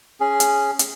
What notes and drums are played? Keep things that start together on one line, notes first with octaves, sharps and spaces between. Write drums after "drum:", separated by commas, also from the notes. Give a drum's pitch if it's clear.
C#4 G#4
drum: hi-hat
drum: hi-hat